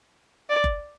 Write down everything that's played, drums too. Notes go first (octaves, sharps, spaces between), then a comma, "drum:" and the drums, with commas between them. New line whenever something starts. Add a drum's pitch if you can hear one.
D5
drum: kick F#1